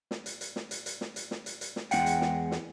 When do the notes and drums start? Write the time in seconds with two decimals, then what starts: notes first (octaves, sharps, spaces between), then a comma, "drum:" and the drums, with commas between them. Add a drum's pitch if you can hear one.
0.11 drum: snare
0.26 drum: hi-hat
0.41 drum: hi-hat
0.56 drum: snare
0.71 drum: hi-hat
0.86 drum: hi-hat
1.01 drum: snare
1.16 drum: hi-hat
1.31 drum: snare
1.46 drum: hi-hat
1.61 drum: hi-hat
1.76 drum: snare
1.91 E2 G#3 B3 E5 F#5 G5, drum: hi-hat
2.06 drum: hi-hat
2.21 drum: snare
2.51 drum: snare